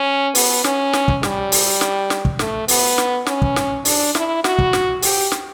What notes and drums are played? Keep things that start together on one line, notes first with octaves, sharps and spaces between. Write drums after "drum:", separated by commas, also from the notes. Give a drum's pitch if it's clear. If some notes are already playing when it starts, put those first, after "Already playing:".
Already playing: C#4
B3, drum: open hi-hat
C#4, drum: snare
drum: snare
drum: kick
G3, drum: snare
drum: open hi-hat
drum: snare
drum: snare
drum: kick
A3, drum: snare
B3, drum: open hi-hat
drum: snare
C#4, drum: snare
drum: kick
drum: snare
D4, drum: open hi-hat
E4, drum: snare
F#4, drum: snare
drum: kick
drum: snare
G4, drum: open hi-hat
drum: snare